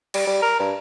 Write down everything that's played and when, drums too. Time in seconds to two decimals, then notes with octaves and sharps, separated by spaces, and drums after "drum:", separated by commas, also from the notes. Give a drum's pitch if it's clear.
0.14 G3, drum: cymbal
0.27 G3
0.42 A#4
0.59 G2